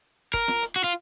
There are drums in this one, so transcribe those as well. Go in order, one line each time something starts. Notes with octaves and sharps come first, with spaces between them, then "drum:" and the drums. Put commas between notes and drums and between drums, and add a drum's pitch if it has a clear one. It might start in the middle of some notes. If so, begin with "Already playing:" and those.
A#4, drum: kick, hi-hat
drum: snare
drum: hi-hat
F#4
F4